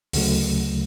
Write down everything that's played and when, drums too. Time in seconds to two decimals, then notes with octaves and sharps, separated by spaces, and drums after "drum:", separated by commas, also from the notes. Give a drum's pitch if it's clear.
0.13 D2 C#3 F#3 A3, drum: open hi-hat